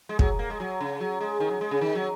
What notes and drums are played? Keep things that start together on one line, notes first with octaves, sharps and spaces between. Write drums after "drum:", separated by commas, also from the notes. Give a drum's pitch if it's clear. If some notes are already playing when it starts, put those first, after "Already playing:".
G#3
F#3, drum: kick
A#3
G#3
F#3
C#3
F#3
G#3
D#3
F#3
G#3
C#3
D#3
F#3